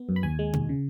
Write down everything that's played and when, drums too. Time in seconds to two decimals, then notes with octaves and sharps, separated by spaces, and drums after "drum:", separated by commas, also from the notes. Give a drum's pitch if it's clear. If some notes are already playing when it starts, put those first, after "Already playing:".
Already playing: B3
0.09 F#2
0.16 B5
0.23 D#2 G#5
0.39 G#3
0.53 D#2, drum: tom B2
0.69 C#3